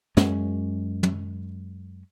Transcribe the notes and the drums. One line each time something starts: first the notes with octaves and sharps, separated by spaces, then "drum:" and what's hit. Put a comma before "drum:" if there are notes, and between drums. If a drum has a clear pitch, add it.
F#2 G#3 C#4, drum: snare
drum: tom